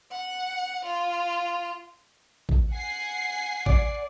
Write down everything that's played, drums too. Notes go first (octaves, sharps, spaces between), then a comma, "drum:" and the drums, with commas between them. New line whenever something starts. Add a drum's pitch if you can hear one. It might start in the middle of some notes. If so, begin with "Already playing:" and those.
F#5
F4
drum: kick A1
F#5 G#5 C7
D5, drum: kick A1